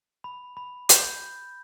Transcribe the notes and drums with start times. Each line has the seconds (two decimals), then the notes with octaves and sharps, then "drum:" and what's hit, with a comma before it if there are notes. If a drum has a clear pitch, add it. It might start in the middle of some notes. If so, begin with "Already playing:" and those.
0.24 B5
0.57 B5
0.89 G6, drum: hi-hat